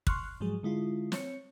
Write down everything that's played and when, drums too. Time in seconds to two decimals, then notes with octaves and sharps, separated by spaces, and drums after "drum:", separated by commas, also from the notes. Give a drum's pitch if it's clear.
0.07 C6 C#6 F6 F#6, drum: kick
0.40 G#2 F3 F#3 G#3 G#4
0.63 D3 G#3 E4 F4
1.12 C4 C#5 C#7, drum: snare